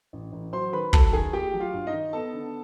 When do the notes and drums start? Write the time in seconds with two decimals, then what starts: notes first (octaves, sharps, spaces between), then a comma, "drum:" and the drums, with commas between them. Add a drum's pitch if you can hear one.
0.13 A1
0.33 A1
0.53 F#3 C5 C6
0.73 D#3 B4 B5
0.93 F#3 A4 A5, drum: kick
1.13 D#3 G#4 G#5
1.33 A3 G4 G5
1.53 F#3
1.60 F4 F5
1.74 G2
1.87 D#4 D#5
1.93 D#3
2.13 B3 A4 A5
2.33 D3